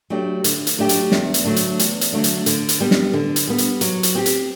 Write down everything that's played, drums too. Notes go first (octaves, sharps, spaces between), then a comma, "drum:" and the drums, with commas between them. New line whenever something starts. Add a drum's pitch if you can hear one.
F#3 A3 D4 G4
D3, drum: hi-hat
drum: hi-hat
F#3 A3 D4 G4
drum: hi-hat
E2, drum: snare
drum: hi-hat
D3 F#3 A3 D4
drum: hi-hat
E2, drum: hi-hat
drum: hi-hat
D3 F#3 A3 D4
drum: hi-hat
D3, drum: hi-hat
drum: hi-hat
G3 B3
drum: snare
D3
drum: hi-hat
G3 B3
drum: hi-hat
F#3, drum: hi-hat
drum: hi-hat
C4 G4
drum: hi-hat